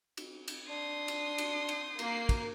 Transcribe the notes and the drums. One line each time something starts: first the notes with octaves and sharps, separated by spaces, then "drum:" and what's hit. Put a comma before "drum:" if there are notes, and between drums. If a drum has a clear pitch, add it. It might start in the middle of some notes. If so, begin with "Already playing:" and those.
drum: cymbal
drum: cymbal
D4 C6 D#6
drum: cymbal
drum: cymbal
drum: cymbal
A#3 C7, drum: cymbal
drum: kick, cymbal